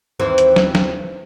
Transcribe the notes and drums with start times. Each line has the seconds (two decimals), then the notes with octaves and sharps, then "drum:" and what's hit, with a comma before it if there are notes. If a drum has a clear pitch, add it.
0.20 D#2 E3 C4
0.38 drum: hi-hat
0.56 drum: snare
0.75 drum: snare